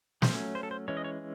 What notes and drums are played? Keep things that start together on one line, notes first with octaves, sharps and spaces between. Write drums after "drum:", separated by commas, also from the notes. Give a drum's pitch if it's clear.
F#3 A3 C#4 C5, drum: snare
C5
A4
C5
E3 G#3 C#4 C#5
D#5
C#5